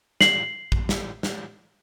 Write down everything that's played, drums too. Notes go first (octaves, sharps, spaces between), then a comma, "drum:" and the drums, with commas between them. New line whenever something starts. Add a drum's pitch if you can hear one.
C7 F#7, drum: snare
drum: kick A1
drum: snare
drum: snare